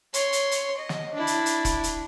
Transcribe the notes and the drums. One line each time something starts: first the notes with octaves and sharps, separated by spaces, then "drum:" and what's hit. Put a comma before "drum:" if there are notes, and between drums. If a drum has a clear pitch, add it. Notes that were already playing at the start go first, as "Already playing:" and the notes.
C#5 C6, drum: hi-hat
drum: hi-hat
drum: hi-hat
D#5
drum: snare
D4 E4
drum: hi-hat
drum: hi-hat
drum: kick E1, hi-hat
drum: hi-hat